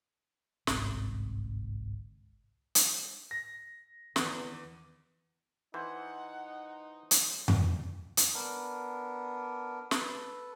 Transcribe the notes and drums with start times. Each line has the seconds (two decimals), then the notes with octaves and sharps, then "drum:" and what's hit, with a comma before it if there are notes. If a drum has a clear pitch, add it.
0.67 G1 C2 G#2 C4, drum: snare
2.75 drum: hi-hat
3.31 A#6
4.16 E2 D#3 B3, drum: snare
5.74 E3 D#4 C5 F#5
7.11 drum: hi-hat
7.48 drum: tom F2
8.17 drum: hi-hat
8.34 B3 D4 A#4
9.91 A4 B4, drum: snare